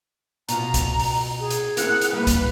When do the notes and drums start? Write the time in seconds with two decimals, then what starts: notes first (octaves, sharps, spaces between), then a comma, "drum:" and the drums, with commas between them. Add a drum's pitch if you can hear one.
0.49 B2 F4 A#5, drum: hi-hat
0.74 drum: kick, hi-hat
1.00 drum: open hi-hat
1.40 G#4
1.51 drum: hi-hat
1.77 C4 E4 A#4 F#5, drum: hi-hat
2.01 drum: hi-hat
2.13 G3 A#3 B4
2.27 drum: kick, hi-hat